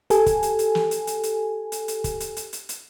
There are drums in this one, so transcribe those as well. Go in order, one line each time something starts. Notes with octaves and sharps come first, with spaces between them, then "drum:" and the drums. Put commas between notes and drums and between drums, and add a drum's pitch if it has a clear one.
G4 A4 G#5, drum: hi-hat
drum: kick, hi-hat
drum: hi-hat
drum: hi-hat
drum: snare
drum: hi-hat
drum: hi-hat
drum: hi-hat
drum: hi-hat
drum: hi-hat
drum: kick, hi-hat
drum: hi-hat
drum: hi-hat
drum: hi-hat
drum: hi-hat